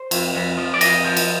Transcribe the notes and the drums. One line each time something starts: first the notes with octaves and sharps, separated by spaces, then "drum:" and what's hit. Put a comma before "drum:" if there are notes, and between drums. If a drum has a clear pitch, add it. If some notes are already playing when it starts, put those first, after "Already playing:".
Already playing: C5
F2, drum: cymbal
F2
F3
D5
F2 D#5, drum: cymbal
F3
drum: cymbal